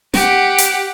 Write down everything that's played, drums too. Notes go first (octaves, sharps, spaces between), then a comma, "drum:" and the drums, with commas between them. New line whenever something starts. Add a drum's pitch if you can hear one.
G4 F#5, drum: snare
drum: hi-hat